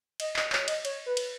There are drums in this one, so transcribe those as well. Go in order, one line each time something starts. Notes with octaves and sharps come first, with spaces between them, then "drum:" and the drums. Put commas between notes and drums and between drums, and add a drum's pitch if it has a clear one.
D#5, drum: cymbal
D#5, drum: clap
C#5, drum: clap
D#5, drum: cymbal
C#5, drum: cymbal
B4
drum: cymbal